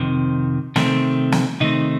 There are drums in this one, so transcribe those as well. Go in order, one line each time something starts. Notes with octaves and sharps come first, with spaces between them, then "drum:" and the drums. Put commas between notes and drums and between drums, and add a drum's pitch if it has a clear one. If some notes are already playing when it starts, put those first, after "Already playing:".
Already playing: F2 C3 D#3
C3 D#3 A3 C4, drum: snare
drum: snare
C3 D#3 A3 C4 D#4